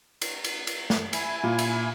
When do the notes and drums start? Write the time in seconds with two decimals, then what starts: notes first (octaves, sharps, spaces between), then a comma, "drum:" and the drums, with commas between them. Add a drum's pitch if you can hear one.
0.21 drum: cymbal
0.44 drum: cymbal
0.67 drum: cymbal
0.90 drum: snare
1.13 E4 G#5, drum: cymbal
1.43 A#2
1.58 drum: cymbal